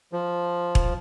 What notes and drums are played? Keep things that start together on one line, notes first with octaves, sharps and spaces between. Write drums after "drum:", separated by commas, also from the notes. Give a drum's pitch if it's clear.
F3
drum: kick E1